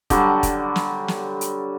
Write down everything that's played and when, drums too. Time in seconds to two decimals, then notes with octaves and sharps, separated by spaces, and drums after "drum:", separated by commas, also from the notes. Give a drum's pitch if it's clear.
0.10 D3 F#3 G3, drum: kick, hi-hat
0.43 drum: kick, hi-hat
0.76 drum: snare
1.08 drum: snare
1.41 drum: hi-hat